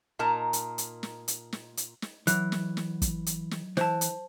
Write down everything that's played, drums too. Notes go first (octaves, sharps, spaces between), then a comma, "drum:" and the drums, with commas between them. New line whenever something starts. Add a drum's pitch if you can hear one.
A#2 D#4 A#4 A5 A#5
drum: hi-hat
drum: hi-hat
drum: snare
drum: hi-hat
drum: snare
drum: hi-hat
drum: snare
E3 F#3 F#6, drum: hi-hat
drum: snare
drum: snare
drum: kick, hi-hat
drum: hi-hat
drum: snare
E3 C5 A5, drum: snare
drum: hi-hat